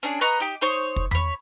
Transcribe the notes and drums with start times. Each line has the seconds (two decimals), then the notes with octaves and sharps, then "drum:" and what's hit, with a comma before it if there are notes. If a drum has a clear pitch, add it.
0.03 C#4 D4 G#4
0.21 B4 D#5 A#5 C#6
0.40 D#4 G4
0.61 D#4 C5 C#5 C#6
0.96 drum: kick
1.11 C#5 B5, drum: tom E2